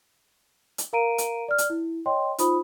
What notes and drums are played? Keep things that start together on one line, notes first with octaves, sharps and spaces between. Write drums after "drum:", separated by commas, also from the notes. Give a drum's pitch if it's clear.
drum: hi-hat
A#4 F5 A#5 D7 D#7
drum: hi-hat
D5 F6
drum: hi-hat
E4
C#5 D#5 G5 C6
D#4 F4 C5 B5 D#6, drum: hi-hat